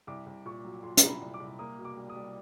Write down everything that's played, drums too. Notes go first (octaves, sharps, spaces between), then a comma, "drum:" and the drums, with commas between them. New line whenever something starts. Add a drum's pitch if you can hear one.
C2 D6
C2
A#2 C#6
F#3
A#2 C6
A#5, drum: hi-hat
C2
B5
C2
D6
C2
A#3 D#6
B2
D6
G3
D#6
G3